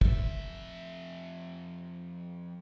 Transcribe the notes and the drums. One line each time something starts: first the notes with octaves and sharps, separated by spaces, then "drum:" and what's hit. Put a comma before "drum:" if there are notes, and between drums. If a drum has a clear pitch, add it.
F2 E5, drum: kick